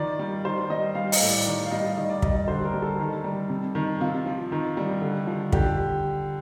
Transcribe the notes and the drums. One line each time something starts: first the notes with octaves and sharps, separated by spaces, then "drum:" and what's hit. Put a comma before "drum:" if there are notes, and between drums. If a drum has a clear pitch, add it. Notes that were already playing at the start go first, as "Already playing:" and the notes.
Already playing: D#3 F3 D5
G3
D#3 C5
G3 D#5
G3 F5
D#5, drum: open hi-hat
A2
D5
D#3 D5
F5
G3 D#5
D#3 D#5
D5
G3 D#5, drum: kick
D#5
D3 C5
A#4
G3
A4
D#3
G3
C3
D#3
C3 F4
F3
D#3
G3
D3
F3
D3 G4, drum: kick